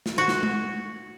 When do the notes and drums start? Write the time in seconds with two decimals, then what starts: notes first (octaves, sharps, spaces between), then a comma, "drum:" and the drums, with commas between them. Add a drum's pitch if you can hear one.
0.06 drum: snare
0.18 F#4
0.28 drum: snare
0.43 drum: tom G#3